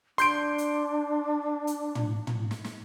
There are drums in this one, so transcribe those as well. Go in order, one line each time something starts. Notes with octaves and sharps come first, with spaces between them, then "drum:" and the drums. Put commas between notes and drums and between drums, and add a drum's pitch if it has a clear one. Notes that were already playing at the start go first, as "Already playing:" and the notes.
D4 C6 G6 D7, drum: hi-hat
drum: hi-hat
drum: hi-hat
drum: tom
drum: tom
drum: snare
drum: snare